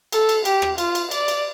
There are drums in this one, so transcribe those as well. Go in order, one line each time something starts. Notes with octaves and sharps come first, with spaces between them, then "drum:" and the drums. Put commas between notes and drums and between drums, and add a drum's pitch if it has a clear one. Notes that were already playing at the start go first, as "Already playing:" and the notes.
A4, drum: cymbal
drum: cymbal
G4, drum: cymbal
drum: rim click
F4, drum: cymbal
drum: cymbal
D5, drum: cymbal
drum: cymbal